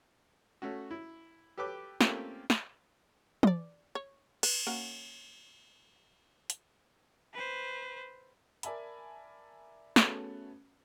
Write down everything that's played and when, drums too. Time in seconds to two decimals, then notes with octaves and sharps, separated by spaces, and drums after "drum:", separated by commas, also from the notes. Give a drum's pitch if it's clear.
0.62 A3 C#4 F#4
0.91 E4
1.58 G4 A4 B4 G5 D6
2.01 A3 A#3 C4 C#4 F4 G4, drum: snare
2.50 drum: snare
3.43 D5 D#5, drum: tom
3.95 C#5
4.43 B4, drum: cymbal
4.67 A#3 C#4 F#4
6.50 drum: hi-hat
7.34 B4 C5
8.63 A#4 D5 E5 G#5 A5 B5, drum: hi-hat
9.96 A3 B3 C#4 F#4 G#4 A4, drum: snare